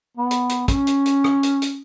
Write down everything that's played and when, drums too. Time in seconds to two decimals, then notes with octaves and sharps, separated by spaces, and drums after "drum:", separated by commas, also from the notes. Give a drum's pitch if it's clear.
0.17 B3
0.31 drum: hi-hat
0.49 drum: hi-hat
0.68 C#4, drum: kick, hi-hat
0.87 drum: hi-hat
1.06 drum: hi-hat
1.24 drum: rim click
1.43 drum: hi-hat
1.62 drum: hi-hat